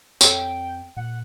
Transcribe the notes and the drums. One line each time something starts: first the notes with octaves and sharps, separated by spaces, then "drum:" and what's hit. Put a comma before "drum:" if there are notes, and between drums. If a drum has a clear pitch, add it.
F2 C4 A4 C#5 G5, drum: tambourine
A#2 F#5